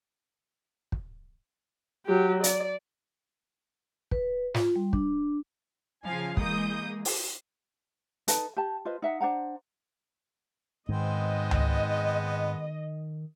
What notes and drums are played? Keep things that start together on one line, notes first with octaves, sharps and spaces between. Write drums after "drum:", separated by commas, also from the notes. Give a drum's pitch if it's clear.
drum: kick
F#3 G4
D5, drum: hi-hat
B4, drum: kick
F4, drum: snare
G3
D4, drum: kick
C#3 F3 F5 G#5
E3 G#3 A#3 D#6 G6, drum: kick
drum: open hi-hat
D#4 A4 B4 A5, drum: hi-hat
G4 A5
F4 B4 C5 D#5
D#4 E5 F#5
D4 C5 F#5 A#5
G#2 D#3 G#3 B3 C4 D#5
drum: tom C#2